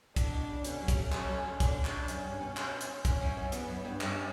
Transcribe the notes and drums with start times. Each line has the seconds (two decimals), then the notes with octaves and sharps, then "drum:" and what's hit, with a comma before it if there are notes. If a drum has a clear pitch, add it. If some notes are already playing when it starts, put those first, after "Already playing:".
0.16 A2 D4, drum: kick, hi-hat
0.32 B2
0.49 C#3
0.64 B2 D3 C#4, drum: hi-hat
0.80 D3 F#3
0.88 G3, drum: kick, hi-hat
0.97 F#3 A3
1.12 F#3 A3 C#4, drum: clap
1.29 F#3 A3
1.44 D3 F#3
1.60 B2 D3 D4, drum: kick, hi-hat
1.85 C#3, drum: clap
2.08 F#2 C#4, drum: hi-hat
2.24 G2
2.41 B2
2.57 drum: clap
2.81 drum: hi-hat
3.05 E2 C#4, drum: kick, hi-hat
3.21 F#2
3.37 F#2
3.52 E2 B3, drum: hi-hat
3.68 F#2
3.85 G2
4.01 G2 C#4, drum: clap